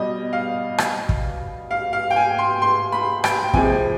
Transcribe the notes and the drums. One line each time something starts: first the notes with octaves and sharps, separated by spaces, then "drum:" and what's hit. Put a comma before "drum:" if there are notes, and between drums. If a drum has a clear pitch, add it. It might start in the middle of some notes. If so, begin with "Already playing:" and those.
Already playing: B2 G3 D#5
F5
drum: rim click
drum: kick
F5
F5
G5
G#5
C6
C6
B5
G5, drum: rim click
C3 F3 G#3 G#5, drum: kick